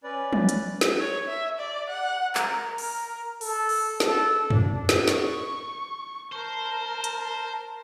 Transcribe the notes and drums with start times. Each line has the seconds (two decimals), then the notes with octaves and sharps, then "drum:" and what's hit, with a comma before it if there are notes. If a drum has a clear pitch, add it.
0.04 C#4 B4 D5
0.33 drum: tom
0.49 drum: hi-hat
0.81 drum: snare
1.00 C#5
1.28 E5
1.59 D5
1.90 F#5
2.35 A#4, drum: clap
2.78 A#4, drum: open hi-hat
3.41 A4, drum: open hi-hat
3.69 drum: open hi-hat
4.00 A4, drum: snare
4.50 D4, drum: tom
4.89 drum: snare
5.08 C#6, drum: snare
6.32 A#4 C5 A5
7.04 drum: hi-hat